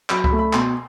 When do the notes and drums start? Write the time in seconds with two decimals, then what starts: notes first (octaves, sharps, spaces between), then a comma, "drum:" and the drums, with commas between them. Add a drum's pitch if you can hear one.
0.10 F#3 B5, drum: clap
0.24 B5, drum: kick C#2
0.32 A3
0.39 B5
0.53 B2 C6, drum: clap